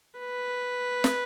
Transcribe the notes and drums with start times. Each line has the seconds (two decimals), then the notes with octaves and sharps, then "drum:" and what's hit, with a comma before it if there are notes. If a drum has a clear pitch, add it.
0.20 B4
1.04 drum: snare